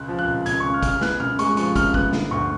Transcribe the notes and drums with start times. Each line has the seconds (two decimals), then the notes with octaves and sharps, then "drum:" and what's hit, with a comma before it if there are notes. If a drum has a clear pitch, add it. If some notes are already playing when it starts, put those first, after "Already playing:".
Already playing: C#2 F#6
0.08 F3
0.19 F#6
0.28 C#2
0.46 C#2 G#6, drum: hi-hat
0.60 C#3 C#6
0.74 F6
0.83 C#3, drum: kick, hi-hat
0.88 F6
1.01 B3 F#6, drum: snare
1.20 F#2 F6, drum: tom B2
1.39 G#3 C#6, drum: hi-hat
1.57 F3 C#6, drum: hi-hat
1.76 F#2 F6, drum: kick, hi-hat
1.94 B3 F#6, drum: kick
2.13 D3, drum: snare
2.31 D2 C#6, drum: tom G2